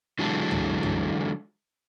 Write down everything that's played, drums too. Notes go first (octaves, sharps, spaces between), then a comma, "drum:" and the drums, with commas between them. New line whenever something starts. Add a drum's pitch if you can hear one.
D3 E3 F#3 G#3 A4
drum: tom
drum: tom